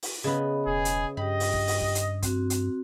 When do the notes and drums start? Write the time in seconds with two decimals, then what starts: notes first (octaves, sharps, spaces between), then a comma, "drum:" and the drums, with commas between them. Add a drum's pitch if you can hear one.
0.02 drum: open hi-hat
0.24 C#3 B3 D#5 B5
0.66 E1 G#4
0.85 drum: hi-hat
1.17 G2 G4 D#5 G5 B5
1.40 drum: open hi-hat
1.54 drum: kick
1.68 drum: open hi-hat
1.81 drum: kick
1.95 drum: hi-hat
2.23 C4 F#4, drum: kick, hi-hat
2.50 drum: hi-hat